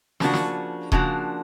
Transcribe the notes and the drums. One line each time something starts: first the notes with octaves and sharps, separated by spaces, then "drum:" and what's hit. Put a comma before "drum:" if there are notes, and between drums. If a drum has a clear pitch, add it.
C#3 F3 A#3 D4 F#4, drum: snare
drum: snare
C#3 F3 A#3 D4 F#4, drum: kick D#1